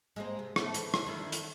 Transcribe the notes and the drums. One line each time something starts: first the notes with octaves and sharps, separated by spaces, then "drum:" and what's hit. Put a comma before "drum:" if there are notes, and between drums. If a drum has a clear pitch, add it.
G#3 A#3 C4
C3
A3 B3, drum: rim click
E3, drum: hi-hat
drum: rim click
D3 D#3 E4
drum: hi-hat